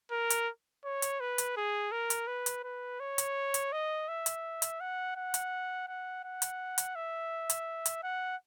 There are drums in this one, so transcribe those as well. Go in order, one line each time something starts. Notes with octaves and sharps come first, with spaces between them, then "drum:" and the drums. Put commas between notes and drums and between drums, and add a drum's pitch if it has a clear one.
A#4
drum: hi-hat
C#5
drum: hi-hat
B4
drum: hi-hat
G#4
A#4
drum: hi-hat
B4
drum: hi-hat
B4
C#5
drum: hi-hat
drum: hi-hat
D#5
E5
drum: hi-hat
drum: hi-hat
F#5
F#5
drum: hi-hat
F#5
F#5
drum: hi-hat
drum: hi-hat
E5
drum: hi-hat
drum: hi-hat
F#5